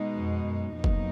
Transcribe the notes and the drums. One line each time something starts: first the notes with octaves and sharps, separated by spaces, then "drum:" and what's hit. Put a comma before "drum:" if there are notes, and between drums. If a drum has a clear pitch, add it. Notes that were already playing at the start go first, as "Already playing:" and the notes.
Already playing: B2 G#3 D#4
F2
F#2
F2 B2 F#3 A#3 D#4
drum: kick